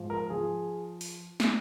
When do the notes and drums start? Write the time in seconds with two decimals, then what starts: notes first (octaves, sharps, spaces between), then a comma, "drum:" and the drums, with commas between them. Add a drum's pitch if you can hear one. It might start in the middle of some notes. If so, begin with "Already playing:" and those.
Already playing: G#2 F3
0.10 A#4
0.30 F3 G#4
1.01 drum: open hi-hat
1.40 drum: snare